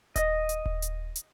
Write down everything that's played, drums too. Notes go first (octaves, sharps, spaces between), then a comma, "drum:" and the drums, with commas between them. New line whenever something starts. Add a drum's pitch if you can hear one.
D#5, drum: kick D#1, hi-hat
drum: hi-hat
drum: kick D#1
drum: hi-hat
drum: hi-hat